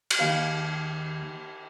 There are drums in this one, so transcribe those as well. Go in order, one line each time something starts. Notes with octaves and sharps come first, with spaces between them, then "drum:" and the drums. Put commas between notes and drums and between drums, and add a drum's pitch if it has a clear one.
drum: cymbal
D#2 F5